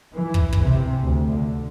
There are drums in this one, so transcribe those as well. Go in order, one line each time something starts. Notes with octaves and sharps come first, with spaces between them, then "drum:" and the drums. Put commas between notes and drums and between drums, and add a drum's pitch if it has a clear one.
E3
drum: kick
drum: kick
C3
D2
D3